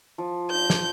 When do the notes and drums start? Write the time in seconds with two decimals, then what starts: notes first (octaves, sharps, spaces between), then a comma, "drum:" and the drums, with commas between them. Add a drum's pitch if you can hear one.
0.18 F3
0.51 G6
0.70 drum: snare